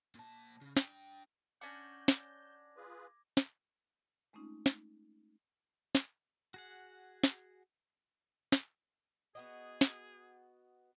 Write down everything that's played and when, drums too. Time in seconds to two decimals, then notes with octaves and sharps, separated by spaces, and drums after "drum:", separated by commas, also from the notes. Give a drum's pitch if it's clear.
0.15 A#2 A5
0.61 C#3
0.77 D4 G5, drum: snare
1.61 C#4 D4 F#5 D6 G6 G#6 A#6
2.08 drum: snare
2.77 F4 G#4 B4
3.37 drum: snare
4.33 G#3 A3 C4 C#4 D#4 F4
4.66 drum: snare
5.95 drum: snare
6.54 F#4 G#4 F#5
7.24 drum: snare
8.52 drum: snare
9.35 B3 F#4 G#4 D#5
9.81 drum: snare